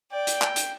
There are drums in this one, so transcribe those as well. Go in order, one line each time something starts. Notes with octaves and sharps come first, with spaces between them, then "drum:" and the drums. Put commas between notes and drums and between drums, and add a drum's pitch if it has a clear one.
D5 G5
drum: hi-hat
drum: clap
drum: hi-hat